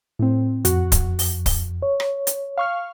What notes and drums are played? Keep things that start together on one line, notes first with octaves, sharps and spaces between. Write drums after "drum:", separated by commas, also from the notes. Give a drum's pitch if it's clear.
A2 C4
F2 F#4, drum: hi-hat
drum: kick C#1, hi-hat
drum: open hi-hat
drum: kick C#1, open hi-hat
C#5
drum: rim click
drum: hi-hat
F5 C#6 F6